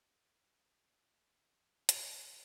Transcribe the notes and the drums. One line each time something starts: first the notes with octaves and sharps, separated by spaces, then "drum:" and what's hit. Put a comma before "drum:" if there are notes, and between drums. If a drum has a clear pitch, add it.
D4 F#4 G#4 D5 C7
A4, drum: hi-hat